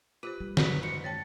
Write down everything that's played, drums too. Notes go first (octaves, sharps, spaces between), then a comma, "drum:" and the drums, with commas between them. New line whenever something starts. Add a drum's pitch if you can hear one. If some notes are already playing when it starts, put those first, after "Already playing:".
F4 G4 B4 C5
G3
F#2 F#3 D4 F#4 B4 C#5 B6, drum: snare
G#2 C#7
C#5 G5 A5 A6